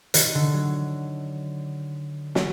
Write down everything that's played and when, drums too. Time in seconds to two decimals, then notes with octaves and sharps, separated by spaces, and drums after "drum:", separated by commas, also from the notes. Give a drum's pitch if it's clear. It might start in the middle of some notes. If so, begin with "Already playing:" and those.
0.14 D#3, drum: hi-hat
0.35 D3
0.54 F#3
2.35 F#3, drum: snare